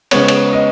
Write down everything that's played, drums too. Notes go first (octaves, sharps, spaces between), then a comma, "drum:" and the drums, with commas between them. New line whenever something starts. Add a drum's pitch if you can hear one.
C#3 G#3 B3 C#5, drum: cymbal
drum: cymbal
D#5